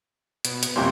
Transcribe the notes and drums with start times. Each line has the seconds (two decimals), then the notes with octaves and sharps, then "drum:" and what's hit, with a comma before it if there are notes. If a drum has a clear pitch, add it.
0.45 B2, drum: hi-hat
0.63 drum: hi-hat
0.76 F2 C3 G3 A#3 C4 C#4 G5 C6